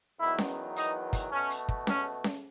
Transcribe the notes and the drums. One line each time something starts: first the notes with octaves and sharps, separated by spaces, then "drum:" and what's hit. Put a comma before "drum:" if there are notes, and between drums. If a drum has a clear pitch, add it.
E2 D#3 F#3 B3 E4
drum: snare C#4
D#4, drum: hi-hat
drum: kick, hi-hat
B2 A3 C#4
drum: hi-hat
drum: kick
C#4, drum: snare C#4
drum: snare C#4